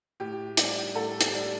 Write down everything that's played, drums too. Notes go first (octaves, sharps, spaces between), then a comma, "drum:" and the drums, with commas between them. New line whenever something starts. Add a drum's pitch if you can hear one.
A2 G4
G3 D4, drum: hi-hat
A2 A4
drum: hi-hat
G3 D4